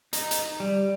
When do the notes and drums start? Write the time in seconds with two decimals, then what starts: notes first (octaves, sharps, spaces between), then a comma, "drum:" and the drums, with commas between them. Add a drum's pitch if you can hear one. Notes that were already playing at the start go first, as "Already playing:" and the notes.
0.13 D#4, drum: hi-hat
0.31 drum: hi-hat
0.60 G3